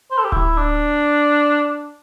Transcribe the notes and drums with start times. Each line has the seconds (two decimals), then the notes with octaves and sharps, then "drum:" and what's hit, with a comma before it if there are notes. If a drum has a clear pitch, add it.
0.11 C5
0.18 A4
0.24 G4
0.32 E4, drum: kick D1
0.57 D4